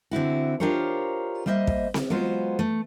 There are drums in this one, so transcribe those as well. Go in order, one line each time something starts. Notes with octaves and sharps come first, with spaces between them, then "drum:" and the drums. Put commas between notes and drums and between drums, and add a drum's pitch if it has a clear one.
D3 C4 E4 F#4
D4 F4 G4 A#4 C5 C#5
G3 A#3 C5 D#5 E5
drum: kick
drum: snare C4
F#3 G#3 B3 F4 C5
A3